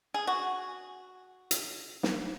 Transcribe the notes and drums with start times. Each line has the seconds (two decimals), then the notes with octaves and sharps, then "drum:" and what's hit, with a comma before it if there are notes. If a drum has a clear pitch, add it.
0.14 G#4
0.27 F#4
1.51 drum: hi-hat
2.03 drum: snare